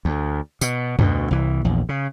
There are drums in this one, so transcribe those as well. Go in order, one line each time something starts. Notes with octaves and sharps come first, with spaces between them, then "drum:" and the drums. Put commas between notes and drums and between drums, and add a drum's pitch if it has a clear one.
D2
B2, drum: tambourine
D2 B2, drum: tom F2
C2 E3
A#1 E2
C#3